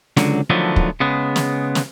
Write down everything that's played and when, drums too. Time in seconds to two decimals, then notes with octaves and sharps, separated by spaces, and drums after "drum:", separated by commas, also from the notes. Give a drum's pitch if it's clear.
0.17 C#2 D3 F#3, drum: snare
0.50 D3 D#3 F3 F#3 A3 B3
0.76 drum: kick
1.00 C#3 G#3 B3
1.36 drum: snare
1.75 drum: snare